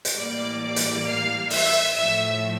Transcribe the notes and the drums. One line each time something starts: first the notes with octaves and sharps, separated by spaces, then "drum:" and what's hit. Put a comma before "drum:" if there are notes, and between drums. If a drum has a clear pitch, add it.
drum: hi-hat
A2 E3 G3 A#3 D5 D6
D5 D6
drum: hi-hat
F5 F6
E5 E6, drum: open hi-hat
A2 F3 A3 E5 E6